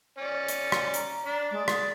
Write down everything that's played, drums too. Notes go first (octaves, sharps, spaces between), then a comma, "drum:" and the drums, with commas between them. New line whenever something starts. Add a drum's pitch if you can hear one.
C#4 D5
drum: hi-hat
drum: rim click
A#5, drum: hi-hat
D4
G#3 D5
G#4, drum: rim click